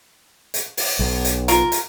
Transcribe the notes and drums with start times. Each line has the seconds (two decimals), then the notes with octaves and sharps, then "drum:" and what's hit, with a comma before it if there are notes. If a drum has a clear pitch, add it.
0.54 drum: hi-hat
0.77 drum: open hi-hat
0.99 B1
1.25 drum: hi-hat
1.48 F4 A#4, drum: hi-hat
1.72 drum: hi-hat